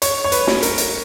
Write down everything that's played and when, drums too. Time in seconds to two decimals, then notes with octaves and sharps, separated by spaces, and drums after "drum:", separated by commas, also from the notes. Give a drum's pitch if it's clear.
0.02 C#5, drum: hi-hat
0.24 C#5
0.32 B4, drum: hi-hat
0.47 drum: snare
0.63 A#4, drum: hi-hat
0.78 drum: hi-hat